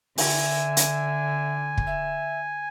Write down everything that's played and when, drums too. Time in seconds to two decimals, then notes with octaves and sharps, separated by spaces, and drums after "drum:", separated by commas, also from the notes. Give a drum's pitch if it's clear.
0.18 D3 E5 G#5, drum: open hi-hat
0.77 drum: hi-hat
1.78 drum: kick
1.87 E5